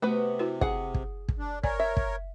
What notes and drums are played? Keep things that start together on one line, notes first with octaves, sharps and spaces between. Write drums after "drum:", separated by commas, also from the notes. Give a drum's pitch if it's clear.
C3 A3 B3 F#4 B4
E4 F#4 B4
G#4 F#5, drum: kick
drum: kick
drum: kick
D4
A#4 C#5 D5 G#5, drum: kick
E5
drum: kick